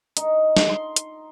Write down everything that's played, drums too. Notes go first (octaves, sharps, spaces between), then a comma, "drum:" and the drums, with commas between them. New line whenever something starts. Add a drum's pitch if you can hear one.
D#4, drum: hi-hat
drum: snare
C6
drum: hi-hat